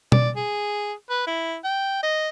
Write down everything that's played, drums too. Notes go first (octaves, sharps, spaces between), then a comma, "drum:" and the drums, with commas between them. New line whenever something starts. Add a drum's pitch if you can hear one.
D5, drum: tom B2
G#4
B4
E4
G5
D#5